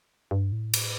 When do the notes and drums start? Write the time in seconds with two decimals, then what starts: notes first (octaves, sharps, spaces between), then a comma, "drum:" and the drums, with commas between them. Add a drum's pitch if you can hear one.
0.31 G2
0.52 A2
0.74 drum: cymbal